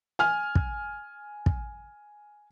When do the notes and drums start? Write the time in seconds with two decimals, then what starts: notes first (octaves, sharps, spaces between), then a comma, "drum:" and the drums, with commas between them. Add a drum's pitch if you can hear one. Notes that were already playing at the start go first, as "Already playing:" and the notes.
0.19 G#5 F6
0.55 drum: kick
1.46 drum: kick